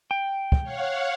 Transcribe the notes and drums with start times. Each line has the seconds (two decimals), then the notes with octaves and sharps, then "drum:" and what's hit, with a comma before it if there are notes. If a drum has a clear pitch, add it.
0.11 G5
0.52 drum: kick
0.63 C#5 F5 F#5